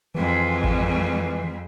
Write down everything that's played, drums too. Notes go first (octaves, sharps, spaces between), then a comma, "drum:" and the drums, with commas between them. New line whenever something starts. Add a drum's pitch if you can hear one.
F2 E3 G#3
drum: kick G#1